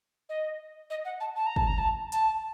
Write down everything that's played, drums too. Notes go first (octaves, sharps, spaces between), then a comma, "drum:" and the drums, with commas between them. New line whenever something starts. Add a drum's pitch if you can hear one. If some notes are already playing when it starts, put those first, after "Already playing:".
D#5
D#5
F#5
A5
A5
A#5
A5, drum: kick
A#5
A5
A5, drum: hi-hat